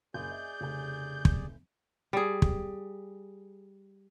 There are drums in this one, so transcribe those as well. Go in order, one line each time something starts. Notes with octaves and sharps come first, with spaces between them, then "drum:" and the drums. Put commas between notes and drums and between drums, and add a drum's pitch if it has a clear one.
F#1 G#4 D5 G#5 G6
D#5 E5
F1 C#3 G4 G#5
drum: kick
G3 G#4
drum: kick